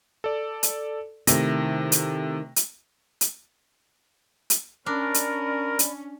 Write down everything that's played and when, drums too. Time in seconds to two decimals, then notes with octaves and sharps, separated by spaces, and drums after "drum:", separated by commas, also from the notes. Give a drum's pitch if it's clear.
0.24 A4 D5
0.63 drum: hi-hat
1.27 C3 D#3 A3 E4 A#6, drum: hi-hat
1.92 drum: hi-hat
2.56 drum: hi-hat
3.21 drum: hi-hat
4.50 drum: hi-hat
4.86 C#4 D4 A#4 D5 B5
5.14 drum: hi-hat
5.79 drum: hi-hat